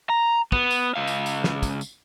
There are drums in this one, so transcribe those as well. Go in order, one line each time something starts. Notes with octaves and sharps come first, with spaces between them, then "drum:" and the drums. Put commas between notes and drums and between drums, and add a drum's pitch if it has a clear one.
A#5
B3, drum: kick
drum: tambourine
C#2 F5
drum: tambourine
drum: tambourine
drum: snare
drum: kick, tambourine
drum: tambourine